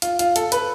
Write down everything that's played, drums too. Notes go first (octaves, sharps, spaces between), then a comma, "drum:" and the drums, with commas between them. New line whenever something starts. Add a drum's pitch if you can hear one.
F4, drum: hi-hat
F4, drum: hi-hat
A4, drum: hi-hat
B4, drum: hi-hat